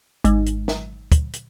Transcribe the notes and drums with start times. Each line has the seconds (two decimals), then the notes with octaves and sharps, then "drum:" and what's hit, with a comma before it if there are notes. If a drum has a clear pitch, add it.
0.25 G#1, drum: hi-hat
0.46 drum: hi-hat
0.68 drum: snare
1.12 drum: kick, hi-hat
1.33 drum: hi-hat